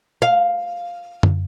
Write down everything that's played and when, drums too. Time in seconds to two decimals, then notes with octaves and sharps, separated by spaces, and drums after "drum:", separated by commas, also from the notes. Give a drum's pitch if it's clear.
0.22 F5
1.23 drum: tom F#2